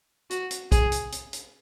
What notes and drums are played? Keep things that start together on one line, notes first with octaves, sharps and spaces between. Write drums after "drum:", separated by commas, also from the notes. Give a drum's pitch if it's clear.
F#4, drum: hi-hat
drum: hi-hat
G#4, drum: kick, hi-hat
drum: hi-hat
drum: hi-hat
drum: hi-hat